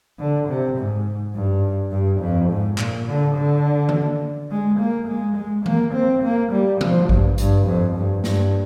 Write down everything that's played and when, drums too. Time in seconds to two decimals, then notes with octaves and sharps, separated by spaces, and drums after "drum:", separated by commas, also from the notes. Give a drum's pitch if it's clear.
0.19 D3
0.49 C3
0.78 G#2
1.35 G2
1.92 G2
2.21 F2
2.49 G#2
2.78 A#2, drum: clap
3.07 D3
3.36 D3
3.89 drum: tom D#3
4.51 G#3
4.79 A#3
5.08 G#3
5.36 G#3
5.66 A#3, drum: tom D#3
5.94 C4
6.23 A#3
6.52 G3
6.81 F3, drum: tom C3
7.09 G2, drum: kick G#1
7.38 G2, drum: hi-hat
7.67 F2
7.96 G2
8.24 G2, drum: snare